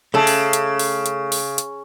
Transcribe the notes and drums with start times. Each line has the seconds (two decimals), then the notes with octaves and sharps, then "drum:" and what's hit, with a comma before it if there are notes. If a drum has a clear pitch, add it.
0.14 C#3 A3 A4
0.27 drum: open hi-hat
0.53 drum: hi-hat
0.79 drum: open hi-hat
1.06 drum: hi-hat
1.32 drum: open hi-hat
1.58 drum: hi-hat